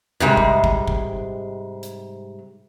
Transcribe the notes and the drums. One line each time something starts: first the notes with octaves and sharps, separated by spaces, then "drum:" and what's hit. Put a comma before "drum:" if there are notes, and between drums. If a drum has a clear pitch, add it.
G#2 C3 G3 G#3, drum: tom F2
drum: kick
drum: kick
drum: kick
drum: hi-hat